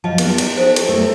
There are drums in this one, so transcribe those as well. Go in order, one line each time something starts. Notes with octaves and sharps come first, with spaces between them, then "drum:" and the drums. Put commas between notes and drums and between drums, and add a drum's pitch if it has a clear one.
F3 D#5 F#5 A5
B3, drum: cymbal
drum: cymbal
D#4 A4 C5
drum: cymbal
A3